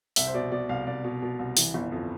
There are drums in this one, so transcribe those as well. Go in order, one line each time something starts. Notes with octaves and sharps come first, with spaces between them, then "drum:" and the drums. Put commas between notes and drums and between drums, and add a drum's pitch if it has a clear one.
C2 E5, drum: open hi-hat
C5
B2 D5
B2 D5
C2 F5
C2 D5
B2
B2
C2
E3, drum: open hi-hat
G1
F2